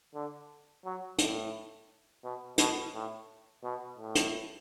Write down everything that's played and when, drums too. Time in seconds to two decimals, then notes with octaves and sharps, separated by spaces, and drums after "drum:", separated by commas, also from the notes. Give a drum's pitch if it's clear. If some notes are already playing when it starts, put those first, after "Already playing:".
0.15 D3
0.85 F#3
1.18 A2, drum: hi-hat
2.24 B2
2.58 B2, drum: hi-hat
2.94 A2
3.64 B2
3.98 A2
4.15 drum: hi-hat